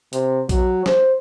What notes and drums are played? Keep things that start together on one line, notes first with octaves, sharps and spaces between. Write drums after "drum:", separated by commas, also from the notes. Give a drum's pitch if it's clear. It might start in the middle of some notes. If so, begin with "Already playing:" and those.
C3, drum: hi-hat
F#3, drum: kick A#1, hi-hat
C5, drum: snare